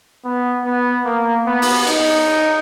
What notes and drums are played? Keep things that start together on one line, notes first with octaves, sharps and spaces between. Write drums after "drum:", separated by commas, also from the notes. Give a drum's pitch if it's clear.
B3
B3
A#3
B3
drum: open hi-hat
D#4, drum: cymbal